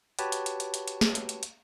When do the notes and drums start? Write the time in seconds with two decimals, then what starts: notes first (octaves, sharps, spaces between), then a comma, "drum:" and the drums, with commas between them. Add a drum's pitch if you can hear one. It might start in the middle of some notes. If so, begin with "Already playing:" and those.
0.19 F#4 G4 B4 C#5 A5, drum: hi-hat
0.32 drum: hi-hat
0.46 drum: hi-hat
0.60 drum: hi-hat
0.74 drum: hi-hat
0.88 drum: hi-hat
1.01 drum: snare
1.15 drum: hi-hat
1.29 drum: hi-hat
1.43 drum: hi-hat